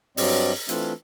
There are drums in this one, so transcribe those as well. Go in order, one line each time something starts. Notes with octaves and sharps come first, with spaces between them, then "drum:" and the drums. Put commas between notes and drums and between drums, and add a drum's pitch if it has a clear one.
G2 F#3 C4 D5 D#5, drum: open hi-hat
E3 A3 C4 D4 F4 E5, drum: hi-hat